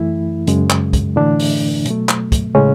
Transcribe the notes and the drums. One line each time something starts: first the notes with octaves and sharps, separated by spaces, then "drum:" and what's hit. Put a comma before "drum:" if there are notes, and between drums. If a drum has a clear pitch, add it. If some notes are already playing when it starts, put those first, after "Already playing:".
Already playing: F#2 E3 A3 E4
F#2 C#3 G#3, drum: hi-hat
drum: clap
drum: kick, hi-hat
A2 D3 E3 A3 D4
drum: open hi-hat
B2 F#3 A3, drum: hi-hat
drum: clap
drum: kick, hi-hat
A2 C#3 G#3 C#4